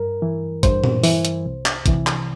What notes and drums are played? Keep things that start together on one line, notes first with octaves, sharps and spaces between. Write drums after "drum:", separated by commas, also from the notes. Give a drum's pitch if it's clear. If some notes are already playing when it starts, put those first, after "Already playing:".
Already playing: G2 A#4
E3
G2 C5, drum: kick, hi-hat
drum: tom A#2
E3, drum: open hi-hat
drum: hi-hat
C2
drum: clap
C3 E3, drum: kick, hi-hat
drum: clap